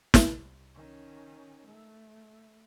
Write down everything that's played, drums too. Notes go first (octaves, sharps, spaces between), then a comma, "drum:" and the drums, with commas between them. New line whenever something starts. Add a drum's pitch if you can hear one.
C2, drum: snare
D#3 C#4
A3